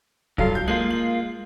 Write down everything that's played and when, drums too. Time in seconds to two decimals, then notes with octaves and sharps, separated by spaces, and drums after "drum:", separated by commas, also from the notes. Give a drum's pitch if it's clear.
0.38 G2 F#3 F4 A4 F5, drum: kick C2
0.55 G6
0.68 G#3 A#3 F4 F#7
0.91 F#7